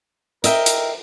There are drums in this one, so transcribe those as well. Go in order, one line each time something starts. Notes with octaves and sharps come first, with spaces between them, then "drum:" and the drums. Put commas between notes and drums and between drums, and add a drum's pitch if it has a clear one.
A#4 D#5 E5 G5, drum: hi-hat
drum: hi-hat